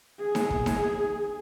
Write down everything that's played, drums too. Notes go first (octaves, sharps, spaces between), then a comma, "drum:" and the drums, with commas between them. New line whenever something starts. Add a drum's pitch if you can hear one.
G#4
drum: snare D#4
drum: kick
drum: snare D#4